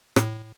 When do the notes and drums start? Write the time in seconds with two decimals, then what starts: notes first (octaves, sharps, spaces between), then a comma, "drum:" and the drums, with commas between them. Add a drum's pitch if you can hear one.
0.16 A2, drum: rim click